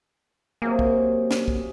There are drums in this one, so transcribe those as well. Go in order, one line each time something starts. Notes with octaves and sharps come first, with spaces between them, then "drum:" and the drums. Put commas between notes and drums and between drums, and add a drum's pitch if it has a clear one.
C3 F#3 A#3 G#4
drum: kick
drum: snare
drum: kick